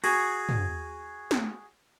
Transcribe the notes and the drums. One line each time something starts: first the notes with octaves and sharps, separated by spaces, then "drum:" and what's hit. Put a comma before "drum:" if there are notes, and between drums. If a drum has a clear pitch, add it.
F#4 G#4, drum: cymbal
drum: tom
drum: snare